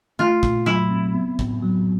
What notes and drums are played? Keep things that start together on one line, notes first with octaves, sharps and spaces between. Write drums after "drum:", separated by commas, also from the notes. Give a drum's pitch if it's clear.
A3 F4
A#2, drum: kick
F#3 E4
C4
B3
A2, drum: kick
F#3